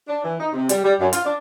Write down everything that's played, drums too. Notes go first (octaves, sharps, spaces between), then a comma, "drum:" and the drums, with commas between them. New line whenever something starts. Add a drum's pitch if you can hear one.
D4
E3
D#4
C3
G3, drum: hi-hat
G3
F#2
F4, drum: hi-hat
D4